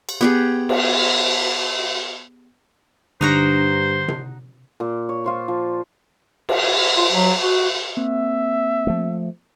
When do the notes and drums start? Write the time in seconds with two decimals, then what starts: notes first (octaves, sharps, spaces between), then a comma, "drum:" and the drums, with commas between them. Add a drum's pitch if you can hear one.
0.09 drum: cymbal
0.21 B3 G4 G#4
0.69 drum: cymbal
3.21 G2 D3 D4 D#4 F#4 C5 A#5
4.08 drum: tom C3
4.80 A#2
5.09 C#5
5.24 F4 C5 C#6
5.48 F3
6.49 drum: cymbal
6.97 F4
7.12 F#3
7.42 F#4
7.97 A#3 C4 E5
8.87 F3 A3